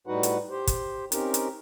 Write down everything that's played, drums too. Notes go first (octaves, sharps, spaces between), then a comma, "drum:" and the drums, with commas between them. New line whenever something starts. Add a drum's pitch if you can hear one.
A2 G3 D#4 F#4 B4 F#5
drum: hi-hat
G4 C5
drum: kick, hi-hat
C4 C#4 D#4 G4 A#4, drum: hi-hat
drum: hi-hat